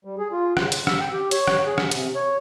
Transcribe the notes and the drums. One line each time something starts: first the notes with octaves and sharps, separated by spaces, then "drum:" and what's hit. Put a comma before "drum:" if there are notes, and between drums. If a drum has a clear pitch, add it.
G3
G#4
F4
C#3, drum: rim click
drum: hi-hat
E6, drum: rim click
G5
G4
C#5, drum: hi-hat
drum: rim click
G#4
drum: rim click
C3, drum: hi-hat
C#5